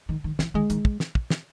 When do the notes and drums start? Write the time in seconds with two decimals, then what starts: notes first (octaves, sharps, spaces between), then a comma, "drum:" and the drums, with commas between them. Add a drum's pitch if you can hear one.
0.09 D#3
0.24 D#3
0.39 E3, drum: snare
0.54 D#3 G#3
0.70 D#3, drum: hi-hat
0.85 drum: kick
1.00 drum: snare
1.15 drum: kick
1.30 drum: snare